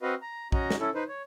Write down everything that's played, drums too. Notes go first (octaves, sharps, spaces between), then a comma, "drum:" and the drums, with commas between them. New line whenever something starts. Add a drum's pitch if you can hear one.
C4 F#4 B4 D#5 F5
A#5
C#4 F#4 D#5 A#5, drum: kick
drum: snare
C#4 E4 A4
D#4 B4 C5
C#5